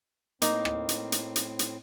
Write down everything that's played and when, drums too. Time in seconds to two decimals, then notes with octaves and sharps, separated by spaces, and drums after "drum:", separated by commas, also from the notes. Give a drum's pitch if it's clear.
0.42 A2 A#3 C4 D#4, drum: hi-hat
0.65 drum: rim click
0.89 drum: hi-hat
1.12 drum: hi-hat
1.36 drum: hi-hat
1.59 drum: hi-hat